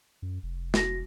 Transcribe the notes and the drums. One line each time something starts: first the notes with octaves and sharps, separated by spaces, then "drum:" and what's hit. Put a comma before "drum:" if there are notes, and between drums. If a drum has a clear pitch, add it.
F#2
F1
F#4 A#6, drum: snare